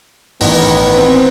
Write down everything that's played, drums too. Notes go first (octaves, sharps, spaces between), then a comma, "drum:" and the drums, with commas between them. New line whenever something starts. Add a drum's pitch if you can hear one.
A1 D#3 B3, drum: open hi-hat
C4 B4